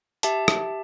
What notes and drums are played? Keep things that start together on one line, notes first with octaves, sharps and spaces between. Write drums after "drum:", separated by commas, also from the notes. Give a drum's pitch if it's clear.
G4 E5 A5, drum: hi-hat
drum: rim click